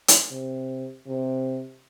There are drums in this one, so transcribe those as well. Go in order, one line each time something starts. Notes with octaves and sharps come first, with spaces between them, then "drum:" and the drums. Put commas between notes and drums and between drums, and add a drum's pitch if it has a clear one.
drum: hi-hat
C3
C3